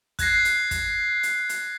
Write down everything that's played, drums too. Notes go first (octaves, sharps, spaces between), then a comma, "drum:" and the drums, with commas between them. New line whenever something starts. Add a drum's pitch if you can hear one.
F#6 G#6 A#6 C7, drum: kick, hi-hat
drum: hi-hat
drum: kick, hi-hat
drum: hi-hat
drum: hi-hat